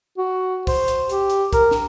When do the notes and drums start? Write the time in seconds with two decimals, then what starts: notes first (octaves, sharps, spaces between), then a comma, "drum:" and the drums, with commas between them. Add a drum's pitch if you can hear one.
0.18 F#4
0.67 C5, drum: kick, open hi-hat
0.88 drum: hi-hat
1.09 G4, drum: hi-hat
1.30 drum: hi-hat
1.53 A#4, drum: kick, hi-hat
1.71 drum: snare